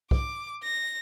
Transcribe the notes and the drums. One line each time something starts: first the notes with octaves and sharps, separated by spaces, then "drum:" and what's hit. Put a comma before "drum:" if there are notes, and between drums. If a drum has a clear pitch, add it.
D6, drum: kick
A#6